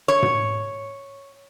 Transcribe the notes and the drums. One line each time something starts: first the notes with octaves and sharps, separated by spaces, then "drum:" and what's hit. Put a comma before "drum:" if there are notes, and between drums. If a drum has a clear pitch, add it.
C#5
drum: tom